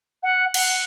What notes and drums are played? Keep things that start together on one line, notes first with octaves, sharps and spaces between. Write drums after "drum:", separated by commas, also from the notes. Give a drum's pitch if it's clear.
F#5
F#5, drum: cymbal